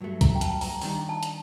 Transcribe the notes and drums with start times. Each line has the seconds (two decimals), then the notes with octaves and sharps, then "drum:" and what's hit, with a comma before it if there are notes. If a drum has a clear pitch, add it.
0.01 G2 F#3 A3
0.21 A#5, drum: kick, hi-hat
0.35 G5
0.41 A5, drum: hi-hat
0.61 A#5, drum: open hi-hat
0.81 D#3 G3 D4 A#5, drum: open hi-hat
1.09 A5
1.23 drum: hi-hat